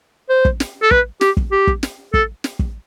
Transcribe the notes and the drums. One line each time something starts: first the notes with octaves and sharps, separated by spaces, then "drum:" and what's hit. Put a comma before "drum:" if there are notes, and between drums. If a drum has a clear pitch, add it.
C5
drum: kick
drum: snare
A4
B4, drum: kick
G4, drum: snare
drum: kick
G4
drum: kick
drum: snare
A4, drum: kick
drum: snare
drum: kick